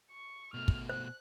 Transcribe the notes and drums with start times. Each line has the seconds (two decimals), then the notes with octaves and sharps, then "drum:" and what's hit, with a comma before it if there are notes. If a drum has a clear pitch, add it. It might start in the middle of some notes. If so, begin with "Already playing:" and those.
0.11 C#6
0.54 B2 A3 F6
0.68 drum: kick
0.89 C5 F#6